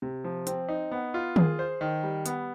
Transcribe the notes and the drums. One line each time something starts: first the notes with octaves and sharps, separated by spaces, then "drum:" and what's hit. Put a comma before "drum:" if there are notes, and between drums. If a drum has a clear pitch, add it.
C3
F3
C4, drum: hi-hat
D#4
B3
F4
G#4, drum: tom D#3
C5
D#3
G3
B3, drum: hi-hat